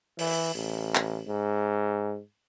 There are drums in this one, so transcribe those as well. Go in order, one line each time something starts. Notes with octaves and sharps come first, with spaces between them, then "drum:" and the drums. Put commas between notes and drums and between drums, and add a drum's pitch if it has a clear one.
E3, drum: open hi-hat
A1
drum: clap
G#2